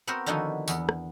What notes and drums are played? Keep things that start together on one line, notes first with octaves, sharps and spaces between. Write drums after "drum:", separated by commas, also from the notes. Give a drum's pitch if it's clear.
B3 C4 F#4 A#4 C5
D3 D#3 F3 D#4 E4 F#4
E2 B3, drum: tambourine
drum: rim click